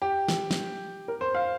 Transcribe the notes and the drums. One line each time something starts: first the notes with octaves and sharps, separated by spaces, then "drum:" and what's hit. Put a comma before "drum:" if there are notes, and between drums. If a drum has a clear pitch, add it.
G4
drum: snare
drum: snare
A#4
C5
F5